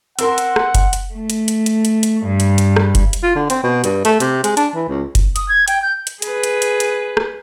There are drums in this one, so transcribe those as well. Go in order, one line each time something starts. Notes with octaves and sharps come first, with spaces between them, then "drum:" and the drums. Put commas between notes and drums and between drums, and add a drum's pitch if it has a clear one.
C4 A#4 F#5 C6 E6, drum: hi-hat
drum: hi-hat
drum: rim click
drum: kick F#1, hi-hat
drum: hi-hat
A3
drum: hi-hat
drum: hi-hat
drum: hi-hat
drum: hi-hat
drum: hi-hat
G2
drum: hi-hat
drum: hi-hat
drum: rim click
drum: kick F#1, hi-hat
drum: hi-hat
F4
D3
C4, drum: hi-hat
B2
G2, drum: hi-hat
A3, drum: hi-hat
C3, drum: hi-hat
G#3, drum: hi-hat
D4, drum: hi-hat
E3
C#2
drum: kick F#1, hi-hat
D#6, drum: hi-hat
G#6
G5, drum: hi-hat
G6
drum: hi-hat
G#4 B4, drum: hi-hat
drum: hi-hat
drum: hi-hat
drum: hi-hat
drum: rim click